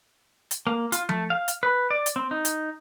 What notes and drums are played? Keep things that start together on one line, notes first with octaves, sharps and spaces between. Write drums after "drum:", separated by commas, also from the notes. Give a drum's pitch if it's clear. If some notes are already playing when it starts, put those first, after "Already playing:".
drum: hi-hat
A#3
F4, drum: hi-hat
A3, drum: tom F3
F5
drum: hi-hat
B4
D5
drum: hi-hat
C4
D#4
drum: hi-hat